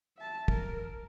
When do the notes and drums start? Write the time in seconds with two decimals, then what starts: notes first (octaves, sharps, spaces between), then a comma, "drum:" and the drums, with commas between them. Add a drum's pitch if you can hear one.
0.17 E5 A5
0.48 A#4, drum: kick